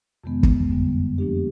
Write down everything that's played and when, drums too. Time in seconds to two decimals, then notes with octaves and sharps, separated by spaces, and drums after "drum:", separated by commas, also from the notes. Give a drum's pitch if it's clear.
0.24 F2 C3 D#3 G#3 B3
0.43 drum: kick
0.71 F#2 D3 G3 B3
1.18 F3 A#3 D4 G4